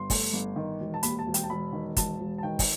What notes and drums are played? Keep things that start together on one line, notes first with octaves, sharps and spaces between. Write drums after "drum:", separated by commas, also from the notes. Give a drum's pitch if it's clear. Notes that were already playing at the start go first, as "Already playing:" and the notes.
Already playing: G1 C6
A3, drum: kick, open hi-hat
G1
D#3
E1
A5
D#2 B5, drum: hi-hat
A5
E1
G5, drum: hi-hat
A5
E1 B5
D#3
E1 A5, drum: kick, hi-hat
E1
A5
D#3 G5
drum: kick, open hi-hat